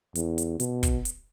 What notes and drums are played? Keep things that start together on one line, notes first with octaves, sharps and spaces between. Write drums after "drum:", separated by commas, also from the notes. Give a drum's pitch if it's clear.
E2, drum: hi-hat
drum: hi-hat
B2, drum: hi-hat
drum: kick, hi-hat
drum: hi-hat